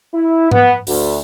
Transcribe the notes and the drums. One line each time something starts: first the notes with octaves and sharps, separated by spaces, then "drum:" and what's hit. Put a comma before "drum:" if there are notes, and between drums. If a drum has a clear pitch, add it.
E4
B3, drum: tom G#2
D2, drum: open hi-hat